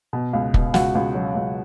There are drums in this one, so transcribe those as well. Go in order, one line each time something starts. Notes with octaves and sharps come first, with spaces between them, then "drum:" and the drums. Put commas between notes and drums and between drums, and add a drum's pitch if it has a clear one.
B2
C#2
B2, drum: kick
C#2 F#4, drum: snare
C#2
F#3
C#2